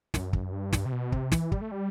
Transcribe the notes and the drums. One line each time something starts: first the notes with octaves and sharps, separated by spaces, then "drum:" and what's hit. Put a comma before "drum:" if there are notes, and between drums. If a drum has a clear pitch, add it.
F#2, drum: snare
drum: kick
G2
drum: snare
C3
B2
C3, drum: kick
E3, drum: snare
G3, drum: kick
A3
G3